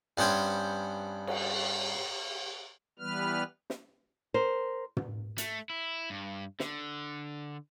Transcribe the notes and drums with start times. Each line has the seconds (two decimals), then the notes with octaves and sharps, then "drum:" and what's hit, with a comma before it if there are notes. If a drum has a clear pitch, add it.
0.18 G2 B3 C#4 C5 G5 G#5
1.27 drum: cymbal
2.99 E3 G3 B3 B4 F6
3.70 drum: snare
4.34 A#4 C5
4.97 drum: tom
5.38 A3, drum: hi-hat
5.70 E4
6.10 G2
6.60 D3, drum: snare